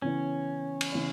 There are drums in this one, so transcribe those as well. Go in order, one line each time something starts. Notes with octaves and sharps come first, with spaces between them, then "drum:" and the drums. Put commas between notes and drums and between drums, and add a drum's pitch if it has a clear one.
C#3 E3 B3 C#4 E4 C#5
drum: cymbal
C#3 E3 B3 E4 C#5